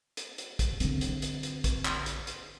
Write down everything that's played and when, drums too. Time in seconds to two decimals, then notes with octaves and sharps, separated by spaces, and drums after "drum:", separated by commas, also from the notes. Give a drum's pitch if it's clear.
0.17 drum: hi-hat
0.38 drum: hi-hat
0.59 drum: kick, hi-hat
0.80 D3 C4, drum: hi-hat
1.01 drum: hi-hat
1.22 drum: hi-hat
1.43 drum: hi-hat
1.64 drum: kick, hi-hat
1.85 drum: clap
2.06 drum: hi-hat
2.27 drum: hi-hat